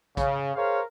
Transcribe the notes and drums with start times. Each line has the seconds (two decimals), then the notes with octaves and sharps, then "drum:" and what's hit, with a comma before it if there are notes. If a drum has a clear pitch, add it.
0.17 C#3, drum: kick, hi-hat
0.56 G#4 A#4 C5 C#5 F5